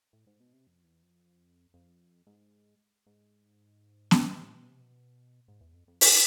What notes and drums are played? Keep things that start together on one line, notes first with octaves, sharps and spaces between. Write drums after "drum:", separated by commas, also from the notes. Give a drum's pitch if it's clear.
A2
G#2
B2
C3
F2
E2
F2
F2
G#2
G#2
drum: snare B3
A2
B2
C3
B2
G#2
E2
F2
F2
G#2, drum: open hi-hat